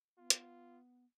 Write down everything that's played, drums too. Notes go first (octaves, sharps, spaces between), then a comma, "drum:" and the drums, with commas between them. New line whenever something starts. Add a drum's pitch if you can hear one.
B3 F4
drum: hi-hat